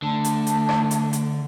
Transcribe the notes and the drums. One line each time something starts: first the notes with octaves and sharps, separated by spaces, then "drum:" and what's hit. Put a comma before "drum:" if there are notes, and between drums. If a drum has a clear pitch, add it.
D3 A3 A5
drum: hi-hat
drum: hi-hat
drum: rim click
drum: hi-hat
drum: hi-hat